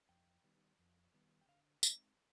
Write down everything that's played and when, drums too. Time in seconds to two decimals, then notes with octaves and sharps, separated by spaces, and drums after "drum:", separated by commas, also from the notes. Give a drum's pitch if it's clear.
0.09 F2 G5
0.44 D#3 G3 B3
0.79 F2
1.14 D#3 G3 B3
1.41 G5
1.48 D3 F5
1.83 G#3 C4 D#4 D5, drum: tambourine